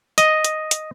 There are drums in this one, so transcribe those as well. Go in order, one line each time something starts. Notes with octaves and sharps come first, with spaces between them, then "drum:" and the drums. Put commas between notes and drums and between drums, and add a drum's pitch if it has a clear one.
D#5, drum: hi-hat
drum: hi-hat
drum: hi-hat